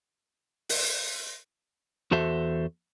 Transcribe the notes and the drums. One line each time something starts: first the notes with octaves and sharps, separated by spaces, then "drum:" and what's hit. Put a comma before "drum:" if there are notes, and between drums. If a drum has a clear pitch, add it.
drum: open hi-hat
E2 F#4 A4 C5 E5